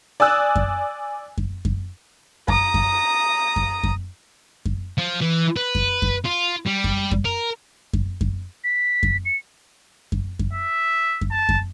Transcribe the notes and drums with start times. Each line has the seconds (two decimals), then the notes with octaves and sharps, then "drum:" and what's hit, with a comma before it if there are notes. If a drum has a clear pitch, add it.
0.20 D5 G#5 D#6 E6 F#6
0.56 drum: kick F#2
1.38 drum: kick F#2
1.65 drum: kick F#2
2.48 A#5 D#6, drum: kick F#2
2.74 drum: kick F#2
3.56 drum: kick F#2
3.83 drum: kick F#2
4.65 drum: kick F#2
4.98 F3
5.21 E3
5.57 B4
5.75 drum: kick F#2
6.02 drum: kick F#2
6.25 F4
6.66 G3
6.84 drum: kick F#2
7.11 drum: kick F#2
7.25 A#4
7.93 drum: kick F#2
8.21 drum: kick F#2
8.64 B6
9.03 drum: kick F#2
9.25 C#7
10.12 drum: kick F#2
10.39 drum: kick F#2
10.53 E5
11.21 drum: kick F#2
11.31 A5
11.49 drum: kick F#2